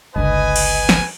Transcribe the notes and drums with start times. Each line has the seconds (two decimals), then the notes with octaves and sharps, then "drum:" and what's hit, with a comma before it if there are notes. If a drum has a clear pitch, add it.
0.16 G1 C#2 D3 B4 D#5 G#5
0.56 drum: cymbal
0.89 drum: snare